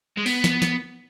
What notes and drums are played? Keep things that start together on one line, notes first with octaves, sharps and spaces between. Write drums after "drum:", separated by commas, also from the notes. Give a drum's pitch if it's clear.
G#3
B3, drum: open hi-hat
drum: snare
drum: snare